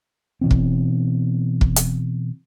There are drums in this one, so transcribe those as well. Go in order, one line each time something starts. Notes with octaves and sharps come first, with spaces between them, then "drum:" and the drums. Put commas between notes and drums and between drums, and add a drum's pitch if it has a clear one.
B2 E3 C4
drum: kick
drum: kick
drum: hi-hat